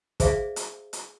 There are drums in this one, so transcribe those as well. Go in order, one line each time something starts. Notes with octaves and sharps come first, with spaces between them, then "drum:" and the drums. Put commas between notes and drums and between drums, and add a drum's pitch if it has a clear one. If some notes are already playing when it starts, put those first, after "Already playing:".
G#4 C5 D5 E5 F5, drum: kick, hi-hat
drum: hi-hat
drum: hi-hat